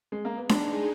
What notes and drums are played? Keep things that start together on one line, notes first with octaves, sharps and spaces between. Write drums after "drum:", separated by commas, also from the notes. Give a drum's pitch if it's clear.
G#3
A#3
B3
G#3 D4 D#4 G#4, drum: snare D4